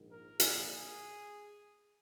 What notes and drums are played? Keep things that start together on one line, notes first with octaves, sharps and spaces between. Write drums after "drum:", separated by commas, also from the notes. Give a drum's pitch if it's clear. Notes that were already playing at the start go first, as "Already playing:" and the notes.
Already playing: A#1 G#2 D#3
A#4
A#1 A#2 A#3 G#4, drum: hi-hat
G#4